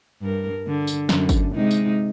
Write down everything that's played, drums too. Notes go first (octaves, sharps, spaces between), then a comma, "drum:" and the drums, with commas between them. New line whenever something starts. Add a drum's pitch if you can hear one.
G2 A#4
D3
drum: tambourine
F#2 D3, drum: snare
drum: kick, tambourine
C3 G#3 D#4
drum: tambourine